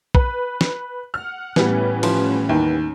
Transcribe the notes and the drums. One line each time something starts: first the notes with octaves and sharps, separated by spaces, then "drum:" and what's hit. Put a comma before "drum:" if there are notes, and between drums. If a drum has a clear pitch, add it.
B4, drum: kick A#1
drum: snare
F#5 F6
A2 E3 G3 B3 C#4, drum: snare
F3, drum: cymbal
D#2